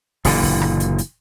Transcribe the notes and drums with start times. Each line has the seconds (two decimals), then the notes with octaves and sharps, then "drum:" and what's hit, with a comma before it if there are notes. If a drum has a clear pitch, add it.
0.25 F#1 A#2 D3 E3, drum: open hi-hat
0.43 drum: kick, open hi-hat
0.62 drum: rim click
0.80 drum: hi-hat
0.98 drum: hi-hat